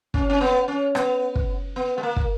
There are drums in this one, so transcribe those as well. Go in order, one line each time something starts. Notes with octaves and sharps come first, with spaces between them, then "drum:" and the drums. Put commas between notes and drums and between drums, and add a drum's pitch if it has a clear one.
C#4, drum: kick
C#4
B3
C#4
B3, drum: rim click
drum: kick
B3
G#3
A#3
drum: kick